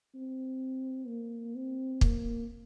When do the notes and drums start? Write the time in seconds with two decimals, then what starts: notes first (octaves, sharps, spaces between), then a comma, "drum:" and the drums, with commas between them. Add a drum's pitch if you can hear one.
0.14 C4
1.07 A#3
1.55 C4
2.01 A#3, drum: kick